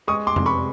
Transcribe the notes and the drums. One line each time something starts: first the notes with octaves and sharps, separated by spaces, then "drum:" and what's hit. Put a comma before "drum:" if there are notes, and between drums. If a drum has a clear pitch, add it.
G#3 C#6 D#6
C6 D6
C3, drum: tom F2
B5 C#6